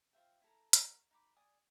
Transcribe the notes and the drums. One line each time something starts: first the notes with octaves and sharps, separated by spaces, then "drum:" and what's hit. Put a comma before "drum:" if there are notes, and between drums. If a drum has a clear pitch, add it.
F4 C5 E5 G5
E4 A4 A#5
A#4 F#5 C#6, drum: hi-hat
D#4 B5 D6
D5 G#5 D#6